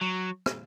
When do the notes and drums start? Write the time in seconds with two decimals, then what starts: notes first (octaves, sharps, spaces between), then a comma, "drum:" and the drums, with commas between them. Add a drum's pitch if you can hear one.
0.01 F#3
0.46 drum: rim click